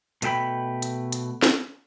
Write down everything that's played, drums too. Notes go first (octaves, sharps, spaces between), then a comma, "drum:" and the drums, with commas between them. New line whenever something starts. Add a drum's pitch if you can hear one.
B2 A3 E5 G5 B5, drum: hi-hat
drum: hi-hat
drum: hi-hat
drum: snare